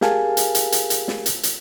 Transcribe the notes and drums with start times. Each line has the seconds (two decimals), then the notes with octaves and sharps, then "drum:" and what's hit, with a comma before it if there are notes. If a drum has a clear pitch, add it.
0.01 G4 G#4 A#4 F5 G#5 A5, drum: snare
0.37 drum: hi-hat
0.55 drum: hi-hat
0.72 drum: hi-hat
0.90 drum: hi-hat
1.08 drum: snare
1.26 drum: hi-hat
1.43 drum: hi-hat